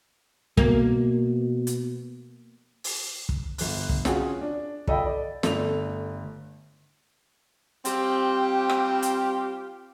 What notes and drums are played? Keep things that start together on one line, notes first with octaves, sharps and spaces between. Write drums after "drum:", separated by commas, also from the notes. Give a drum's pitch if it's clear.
B2 A#3, drum: kick
drum: hi-hat
drum: open hi-hat
drum: kick
G1 F#6, drum: open hi-hat
drum: kick
C#4 F4 F#4 G#4, drum: snare
D4
A4 D5 D#5 F5 G5 B5, drum: kick
D5
G1 A3 D4 F7, drum: snare
G3 C4 F4 G4, drum: hi-hat
drum: rim click
drum: hi-hat